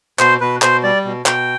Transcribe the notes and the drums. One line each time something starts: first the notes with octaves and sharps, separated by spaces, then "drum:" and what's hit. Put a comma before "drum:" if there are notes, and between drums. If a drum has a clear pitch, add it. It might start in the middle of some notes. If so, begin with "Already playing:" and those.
B2 C5, drum: clap
B2 B4
B2 C5, drum: clap
G3 D5
B2
B2 G5, drum: clap